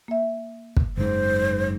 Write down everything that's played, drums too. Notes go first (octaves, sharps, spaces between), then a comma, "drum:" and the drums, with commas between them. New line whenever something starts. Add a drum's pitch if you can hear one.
A#3 E5
drum: kick
F#1 G#2 C5